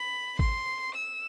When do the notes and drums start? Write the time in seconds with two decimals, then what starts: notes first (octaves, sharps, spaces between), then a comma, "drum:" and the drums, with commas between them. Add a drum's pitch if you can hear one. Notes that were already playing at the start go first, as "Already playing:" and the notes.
Already playing: B5
0.39 C6, drum: kick G#1
0.95 E6